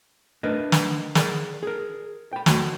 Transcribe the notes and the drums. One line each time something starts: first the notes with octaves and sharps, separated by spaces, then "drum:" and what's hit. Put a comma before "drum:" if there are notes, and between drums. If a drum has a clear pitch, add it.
A3 D4 A#4 B4 D#5
drum: snare
G#4 A#4 D5, drum: snare
G#4 A#4
G5 B5
D#2 A3 F#4 A#5 C6, drum: snare